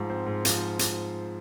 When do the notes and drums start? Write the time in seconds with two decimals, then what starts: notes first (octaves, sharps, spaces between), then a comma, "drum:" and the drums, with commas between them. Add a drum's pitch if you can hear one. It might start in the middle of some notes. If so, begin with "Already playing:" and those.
Already playing: G#2 F3
0.10 C4
0.26 G#2
0.45 F3, drum: hi-hat
0.79 drum: hi-hat